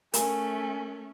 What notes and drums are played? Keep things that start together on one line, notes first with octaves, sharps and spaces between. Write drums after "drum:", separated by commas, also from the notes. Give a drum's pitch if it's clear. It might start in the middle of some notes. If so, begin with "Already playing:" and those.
A3 C#4 A#4 G#5, drum: hi-hat